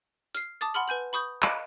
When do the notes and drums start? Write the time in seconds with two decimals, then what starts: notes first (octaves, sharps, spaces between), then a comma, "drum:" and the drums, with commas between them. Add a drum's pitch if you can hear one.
0.35 F6 C7, drum: hi-hat
0.61 A5 D6 D#6 A6
0.74 F#5 B5 C6 F6 F#7
0.88 B4 G#5 G6 F#7
1.13 B5 C#6 D#6 G6
1.42 D#5 F5 B5 D6 F#6, drum: clap